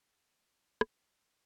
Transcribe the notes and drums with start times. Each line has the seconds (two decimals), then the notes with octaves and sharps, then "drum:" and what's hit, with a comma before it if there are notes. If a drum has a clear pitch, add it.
0.15 F3 F#3 D4 G#4 C5 F5
0.81 drum: rim click
0.91 B2 C4 F4